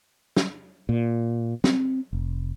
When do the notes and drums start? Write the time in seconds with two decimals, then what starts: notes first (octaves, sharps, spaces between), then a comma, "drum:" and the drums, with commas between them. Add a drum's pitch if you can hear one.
0.36 drum: snare
0.89 A#2
1.64 C4, drum: snare
2.13 F1